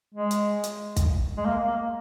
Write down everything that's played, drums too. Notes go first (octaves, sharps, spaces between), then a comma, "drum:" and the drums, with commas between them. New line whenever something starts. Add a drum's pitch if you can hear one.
G#3
drum: hi-hat
drum: hi-hat
drum: kick, hi-hat
G#3
A#3
A#3